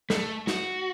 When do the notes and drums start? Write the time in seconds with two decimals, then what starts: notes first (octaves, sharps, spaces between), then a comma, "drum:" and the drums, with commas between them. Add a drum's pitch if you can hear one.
0.10 A3, drum: snare
0.47 F#4, drum: snare